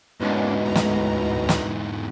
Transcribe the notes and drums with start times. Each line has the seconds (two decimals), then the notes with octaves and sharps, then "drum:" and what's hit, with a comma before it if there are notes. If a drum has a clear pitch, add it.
0.20 E2 G#2 B2 G#3 A#3 C#4 D4
0.65 D2 A2 A#5
0.75 drum: snare
1.49 drum: snare